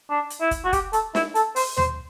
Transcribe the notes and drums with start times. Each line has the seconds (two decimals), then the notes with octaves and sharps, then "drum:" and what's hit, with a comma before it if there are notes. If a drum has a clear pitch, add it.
0.10 D4
0.30 drum: hi-hat
0.41 E4
0.51 drum: kick, hi-hat
0.65 F#4
0.73 G4, drum: kick, hi-hat
0.93 A4, drum: hi-hat
1.15 E4, drum: snare
1.35 A4, drum: hi-hat
1.56 C5, drum: open hi-hat
1.77 C5, drum: tom D#2